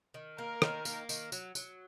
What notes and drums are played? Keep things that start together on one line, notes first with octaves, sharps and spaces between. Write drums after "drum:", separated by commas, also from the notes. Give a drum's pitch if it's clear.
D#3
A#3 A#4
D#3, drum: rim click
A#3, drum: tambourine
D#3, drum: tambourine
F#3, drum: tambourine
F#3, drum: tambourine